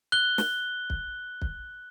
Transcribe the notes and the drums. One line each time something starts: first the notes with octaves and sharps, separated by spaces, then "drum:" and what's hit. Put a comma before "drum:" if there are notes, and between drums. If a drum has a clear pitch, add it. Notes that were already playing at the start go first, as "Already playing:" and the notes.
F#6 G7
drum: snare
drum: kick
drum: kick